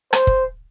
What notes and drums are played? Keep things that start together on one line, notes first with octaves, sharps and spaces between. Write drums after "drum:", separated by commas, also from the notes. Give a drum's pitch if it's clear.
C5, drum: rim click
drum: kick